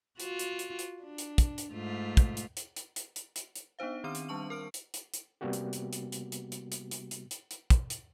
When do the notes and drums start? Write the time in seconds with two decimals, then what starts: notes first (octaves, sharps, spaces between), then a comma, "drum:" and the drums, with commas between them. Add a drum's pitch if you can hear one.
0.20 F4 F#4, drum: hi-hat
0.39 drum: hi-hat
0.59 drum: hi-hat
0.79 drum: hi-hat
1.03 D4
1.18 drum: hi-hat
1.38 drum: kick, hi-hat
1.58 drum: hi-hat
1.73 G#2 A3 F4
2.17 drum: kick, hi-hat
2.37 drum: hi-hat
2.57 drum: hi-hat
2.76 drum: hi-hat
2.96 drum: hi-hat
3.16 drum: hi-hat
3.36 drum: hi-hat
3.55 drum: hi-hat
3.79 B3 D4 D#4 C5 F5
4.04 D#3 C4 C6 F6 D#7
4.15 drum: hi-hat
4.29 G3 D4 A5 C#6 F#7
4.50 A#4 F6 D7
4.74 drum: hi-hat
4.94 drum: hi-hat
5.14 drum: hi-hat
5.41 C3 G3 A#3 B3 F#4 G4
5.53 drum: hi-hat
5.73 drum: hi-hat
5.93 drum: hi-hat
6.12 drum: hi-hat
6.32 drum: hi-hat
6.52 drum: hi-hat
6.72 drum: hi-hat
6.91 drum: hi-hat
7.11 drum: hi-hat
7.31 drum: hi-hat
7.51 drum: hi-hat
7.70 drum: kick, hi-hat
7.90 drum: hi-hat